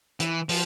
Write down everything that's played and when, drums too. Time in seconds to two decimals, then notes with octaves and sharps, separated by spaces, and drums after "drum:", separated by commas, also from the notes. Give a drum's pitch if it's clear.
0.20 E3, drum: hi-hat
0.49 F3, drum: open hi-hat